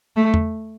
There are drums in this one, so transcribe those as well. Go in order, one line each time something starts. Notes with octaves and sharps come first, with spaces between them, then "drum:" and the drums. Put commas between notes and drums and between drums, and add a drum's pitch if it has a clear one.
A3
drum: tom E2